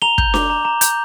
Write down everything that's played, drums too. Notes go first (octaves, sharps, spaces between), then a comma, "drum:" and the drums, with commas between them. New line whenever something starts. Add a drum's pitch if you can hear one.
A#5 F7 G7
G6, drum: kick
D6, drum: snare D4
A#5
A#5
G6, drum: hi-hat